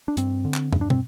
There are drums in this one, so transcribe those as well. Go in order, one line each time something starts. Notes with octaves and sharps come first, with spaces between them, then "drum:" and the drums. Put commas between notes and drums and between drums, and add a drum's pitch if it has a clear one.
D4
G2 C4, drum: hi-hat
D3
drum: clap
G2, drum: tom
D4
C4, drum: tom